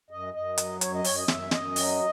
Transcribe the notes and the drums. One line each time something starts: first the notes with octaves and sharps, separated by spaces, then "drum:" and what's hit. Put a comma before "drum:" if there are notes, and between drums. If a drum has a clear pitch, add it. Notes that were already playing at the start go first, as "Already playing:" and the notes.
F#2 D#5
F#2 D#5
F#3, drum: hi-hat
F#2 C#5, drum: hi-hat
D#5
F#2 C#5, drum: open hi-hat
D#5
F#2 E5, drum: snare
F#2 D#5, drum: snare
F#3, drum: open hi-hat